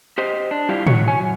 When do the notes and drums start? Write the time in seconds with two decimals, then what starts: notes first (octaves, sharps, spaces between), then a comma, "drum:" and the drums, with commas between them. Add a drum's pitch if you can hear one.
0.18 G4 C5 D#5
0.51 D4
0.69 G3 E4 F4 G4
0.87 D#3 F#4 C#5, drum: tom A2
1.08 C#5 G#5
1.19 F#2